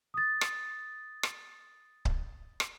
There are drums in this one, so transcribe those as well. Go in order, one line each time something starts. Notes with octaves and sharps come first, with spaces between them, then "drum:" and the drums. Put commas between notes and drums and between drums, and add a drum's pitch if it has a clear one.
D#6 A6
drum: rim click
drum: rim click
drum: kick C#1
drum: rim click